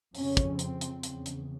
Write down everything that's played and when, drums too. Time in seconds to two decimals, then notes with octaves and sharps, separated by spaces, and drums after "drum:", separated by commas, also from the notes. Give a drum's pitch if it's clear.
0.15 F2 C#3 C#4, drum: open hi-hat
0.37 drum: kick, hi-hat
0.59 C4, drum: hi-hat
0.81 drum: hi-hat
1.03 E2 C#3, drum: hi-hat
1.26 drum: hi-hat